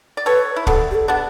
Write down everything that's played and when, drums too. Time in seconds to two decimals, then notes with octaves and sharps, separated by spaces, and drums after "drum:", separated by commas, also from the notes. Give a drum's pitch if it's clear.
0.17 D5
0.26 A4 B4 C#5
0.56 E4
0.67 B3 D4 A4, drum: kick
0.91 G4
0.95 A4
1.08 B3 D4